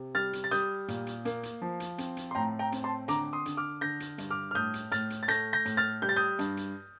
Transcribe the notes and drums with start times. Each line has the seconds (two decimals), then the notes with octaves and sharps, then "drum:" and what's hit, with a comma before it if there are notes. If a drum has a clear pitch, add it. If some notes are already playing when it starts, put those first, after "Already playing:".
Already playing: C3
0.15 G3 F6 A6
0.33 drum: hi-hat
0.44 A6
0.51 G3 D#6 G6, drum: hi-hat
0.88 A#2, drum: hi-hat
1.07 drum: hi-hat
1.25 A#3, drum: hi-hat
1.43 drum: hi-hat
1.62 F3
1.80 drum: hi-hat
1.98 C4, drum: hi-hat
2.17 drum: hi-hat
2.31 C6
2.35 A2 G5 A#5
2.59 G5 A#5
2.72 C4, drum: hi-hat
2.84 A5 C6
3.08 D3 A#5 D6, drum: hi-hat
3.33 C6 D#6
3.46 D3, drum: hi-hat
3.57 D6 F6
3.81 D3 G6 A#6
4.00 drum: hi-hat
4.18 G2, drum: hi-hat
4.30 D6 F6
4.51 F6
4.55 A2 D#6 G6
4.74 drum: hi-hat
4.92 A2 F6 A6, drum: hi-hat
5.10 drum: hi-hat
5.23 A6
5.28 A3 G6 A#6, drum: hi-hat
5.53 G6 A#6
5.65 A2, drum: hi-hat
5.77 F6 A6
6.02 G3 G6
6.09 A6
6.16 D#6 G6
6.39 G2, drum: hi-hat
6.57 drum: hi-hat